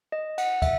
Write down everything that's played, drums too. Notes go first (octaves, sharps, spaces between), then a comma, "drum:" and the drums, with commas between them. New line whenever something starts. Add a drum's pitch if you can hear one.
D#5
F#5, drum: cymbal
E5, drum: kick, cymbal